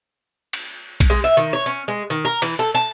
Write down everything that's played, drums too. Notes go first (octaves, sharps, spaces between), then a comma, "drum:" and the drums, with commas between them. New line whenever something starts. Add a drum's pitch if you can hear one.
drum: cymbal
drum: kick, cymbal
G#3
E5
D#3
C#5
C#4
G#3
D#3
A#4
E3, drum: cymbal
A4
A5